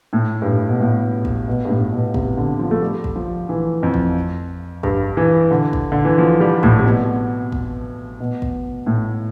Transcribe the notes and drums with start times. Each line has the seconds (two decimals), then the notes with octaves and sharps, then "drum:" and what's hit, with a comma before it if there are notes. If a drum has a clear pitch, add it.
0.13 A2
0.42 G2
0.46 A2
0.69 B2
0.80 A2
1.25 drum: kick
1.48 B2
1.65 G2
1.70 A2
1.92 B2
2.14 C3, drum: kick
2.37 D3
2.59 F3
2.71 A3
2.81 G3
3.04 drum: kick
3.16 F3
3.49 E3
3.83 F2
3.94 drum: kick
4.83 G2, drum: kick
5.17 E3
5.51 D3
5.73 drum: kick
5.92 D3
6.05 E3
6.18 F3
6.40 G3
6.63 A2, drum: kick
6.79 C3
6.85 B2
7.52 drum: kick
8.20 B2
8.42 drum: kick
8.86 A2